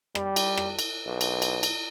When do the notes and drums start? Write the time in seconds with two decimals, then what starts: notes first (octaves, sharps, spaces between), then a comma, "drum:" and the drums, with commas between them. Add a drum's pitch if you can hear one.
0.15 G3, drum: rim click
0.36 drum: cymbal
0.57 drum: rim click
0.79 drum: cymbal
1.07 B1
1.21 drum: cymbal
1.42 drum: cymbal
1.63 drum: cymbal